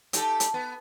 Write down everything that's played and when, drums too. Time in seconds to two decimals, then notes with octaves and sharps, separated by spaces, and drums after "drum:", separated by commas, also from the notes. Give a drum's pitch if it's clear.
0.13 D#4 G4 A4, drum: hi-hat
0.40 drum: hi-hat
0.54 B3